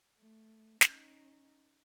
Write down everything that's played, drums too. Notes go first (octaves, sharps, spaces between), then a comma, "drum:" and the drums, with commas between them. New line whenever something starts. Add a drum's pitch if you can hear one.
A3
C#4 D#4, drum: snare